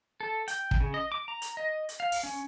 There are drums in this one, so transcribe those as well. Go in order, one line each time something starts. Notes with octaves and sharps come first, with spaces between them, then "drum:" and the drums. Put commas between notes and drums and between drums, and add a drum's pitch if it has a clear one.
A4
G5, drum: hi-hat
drum: kick
C#3
D#5
D6
A#5
drum: hi-hat
D#5
drum: hi-hat
F5
drum: open hi-hat
C#4